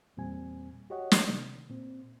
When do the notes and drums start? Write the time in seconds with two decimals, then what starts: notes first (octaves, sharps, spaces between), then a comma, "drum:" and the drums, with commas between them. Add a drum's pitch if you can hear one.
0.17 E2 A#2 G3 C4 G#5
0.90 F#4 G4 C#5 D#5 F#5
1.11 drum: snare
1.28 C3 D#3
1.69 A#2 C4